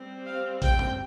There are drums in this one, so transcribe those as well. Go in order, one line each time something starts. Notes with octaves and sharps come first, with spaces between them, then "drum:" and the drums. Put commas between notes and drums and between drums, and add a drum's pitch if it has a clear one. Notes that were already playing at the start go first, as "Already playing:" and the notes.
Already playing: G3 C4
F5
G5, drum: kick A1, hi-hat
drum: tom F#2